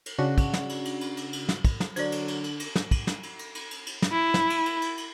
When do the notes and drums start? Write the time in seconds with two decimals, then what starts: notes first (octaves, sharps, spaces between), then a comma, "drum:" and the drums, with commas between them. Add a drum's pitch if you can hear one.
0.06 drum: cymbal
0.18 C#3 D4 F#4
0.38 drum: kick, cymbal
0.53 drum: snare
0.69 drum: cymbal
0.85 drum: cymbal
1.01 drum: cymbal
1.17 drum: cymbal
1.33 drum: cymbal
1.49 drum: snare
1.65 drum: kick, cymbal
1.80 drum: snare
1.96 D3 F#3 C5 D5, drum: cymbal
2.12 drum: cymbal
2.28 drum: cymbal
2.44 drum: cymbal
2.60 drum: cymbal
2.76 drum: snare
2.91 drum: kick, cymbal
3.07 drum: snare
3.23 drum: cymbal
3.39 drum: cymbal
3.55 drum: cymbal
3.71 drum: cymbal
3.87 drum: cymbal
4.02 drum: snare
4.12 E4
4.34 drum: snare
4.50 drum: cymbal
4.66 drum: cymbal
4.82 drum: cymbal
4.98 drum: cymbal